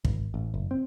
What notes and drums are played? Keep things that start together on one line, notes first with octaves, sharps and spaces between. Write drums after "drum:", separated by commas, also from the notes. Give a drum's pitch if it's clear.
G#1, drum: kick
A1
F#1
C4